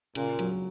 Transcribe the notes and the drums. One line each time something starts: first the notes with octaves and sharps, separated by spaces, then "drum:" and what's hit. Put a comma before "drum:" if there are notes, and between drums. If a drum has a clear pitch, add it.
A#2 C#3, drum: hi-hat
F#3, drum: hi-hat